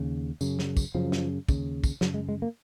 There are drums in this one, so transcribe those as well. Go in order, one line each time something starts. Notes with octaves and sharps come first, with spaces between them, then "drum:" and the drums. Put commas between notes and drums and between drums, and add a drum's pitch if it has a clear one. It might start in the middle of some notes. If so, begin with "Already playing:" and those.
Already playing: D#2 C#3
F#2 C#3, drum: tambourine
drum: snare
drum: kick, tambourine
F#2 C#3 F3
drum: snare
D#2 C#3, drum: kick, tambourine
drum: kick, tambourine
F#2 C#3 F#3, drum: snare
G#3
G#3
A#3